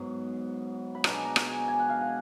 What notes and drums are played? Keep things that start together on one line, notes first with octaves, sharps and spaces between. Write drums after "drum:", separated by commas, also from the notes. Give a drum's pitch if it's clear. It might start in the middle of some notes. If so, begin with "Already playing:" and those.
Already playing: G#2 F#3 B3
B5
B2 G#3 D4 A#5, drum: rim click
A#5
drum: rim click
G#5
G#5
F#5
F5
F#5